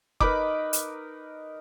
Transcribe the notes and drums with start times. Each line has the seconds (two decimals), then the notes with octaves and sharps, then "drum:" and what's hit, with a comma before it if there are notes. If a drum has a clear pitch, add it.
0.20 D#4 A#4 B4 B5 D6, drum: kick F#1
0.73 drum: hi-hat